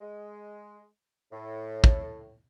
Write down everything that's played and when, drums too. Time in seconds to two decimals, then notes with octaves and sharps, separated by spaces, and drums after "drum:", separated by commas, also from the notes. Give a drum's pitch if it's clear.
0.01 G#3
1.32 A2
1.84 drum: kick